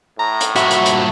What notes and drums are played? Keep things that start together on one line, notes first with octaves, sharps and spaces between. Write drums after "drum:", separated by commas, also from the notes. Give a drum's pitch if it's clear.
A2 A#5
drum: hi-hat
G2 A#2 F#4 E5, drum: hi-hat
drum: hi-hat
drum: hi-hat